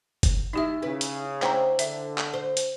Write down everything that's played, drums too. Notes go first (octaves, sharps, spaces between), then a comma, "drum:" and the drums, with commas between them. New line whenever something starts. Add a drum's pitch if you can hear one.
drum: kick G1, hi-hat
D#3 D#4 E4 G4 E5
C#3 E4 G#4 B4
drum: hi-hat
D4 E4 C5 F#5 G5 A#5, drum: clap
D3 E5, drum: hi-hat
drum: clap
C5
drum: hi-hat